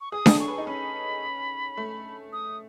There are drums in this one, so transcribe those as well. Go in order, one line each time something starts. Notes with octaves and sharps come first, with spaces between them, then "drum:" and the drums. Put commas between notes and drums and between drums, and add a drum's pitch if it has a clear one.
C#6
G#4 D#6
G#4, drum: snare D4
A4
C#6
B4
D#4
C#4 B5
A3
D#6